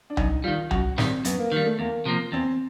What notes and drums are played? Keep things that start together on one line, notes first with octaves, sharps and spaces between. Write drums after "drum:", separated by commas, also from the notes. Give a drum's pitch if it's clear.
D4
F#2 D#4, drum: tom C2
D#3 G3 F4
F#2 F#4, drum: tom C2
D#3 G3 C4, drum: snare
F#2 B3, drum: hi-hat
A#3
D#3 G3 A#3
A3
E2 A#3
C3 F3 A#3
E2 C4